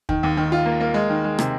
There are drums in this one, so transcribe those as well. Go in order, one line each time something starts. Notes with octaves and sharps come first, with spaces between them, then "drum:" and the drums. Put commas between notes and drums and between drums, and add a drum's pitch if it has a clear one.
D#3, drum: kick
D#2
D#3
F4
A#3
A#3
G#3
D#3
G#3
C3, drum: rim click